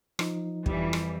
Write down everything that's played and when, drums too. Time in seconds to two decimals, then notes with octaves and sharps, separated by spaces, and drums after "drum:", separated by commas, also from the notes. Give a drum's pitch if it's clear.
0.19 F3 D#4, drum: rim click
0.66 F2 E3 G3, drum: kick
0.93 drum: rim click